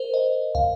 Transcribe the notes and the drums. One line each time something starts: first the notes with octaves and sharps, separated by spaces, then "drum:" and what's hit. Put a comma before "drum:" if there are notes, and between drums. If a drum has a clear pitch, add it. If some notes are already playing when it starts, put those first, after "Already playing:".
Already playing: A#4 C5
D#5
F5, drum: kick